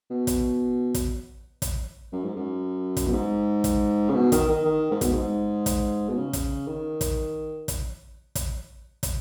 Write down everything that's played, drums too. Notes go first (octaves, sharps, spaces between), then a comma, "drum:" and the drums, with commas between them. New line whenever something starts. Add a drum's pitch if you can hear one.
B2
drum: kick, hi-hat
drum: kick, hi-hat
drum: kick, hi-hat
F#2
G#2
F#2
drum: kick, hi-hat
B2
G#2
drum: kick, hi-hat
C#3
B2
D#3, drum: kick, hi-hat
D#3
D#3
G#2
B2, drum: kick, hi-hat
G#2
drum: kick, hi-hat
B2
C#3
drum: kick, hi-hat
D#3
drum: kick, hi-hat
drum: kick, hi-hat
drum: kick, hi-hat
drum: kick, hi-hat